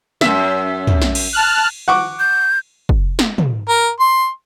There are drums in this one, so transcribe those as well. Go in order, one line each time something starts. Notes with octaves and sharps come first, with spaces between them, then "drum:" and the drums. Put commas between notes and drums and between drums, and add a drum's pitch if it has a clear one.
F#2 E5, drum: snare
drum: tom
drum: snare
drum: cymbal
A5 F6 F#6
F#5 C#6 D6
G6
drum: kick
drum: snare
drum: tom
A#4
C6